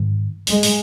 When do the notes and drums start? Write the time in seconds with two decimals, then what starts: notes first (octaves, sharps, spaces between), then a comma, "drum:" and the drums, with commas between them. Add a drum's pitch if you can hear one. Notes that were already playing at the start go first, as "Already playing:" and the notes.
Already playing: G#2 D#3 G#3
0.47 G#3, drum: open hi-hat
0.63 drum: open hi-hat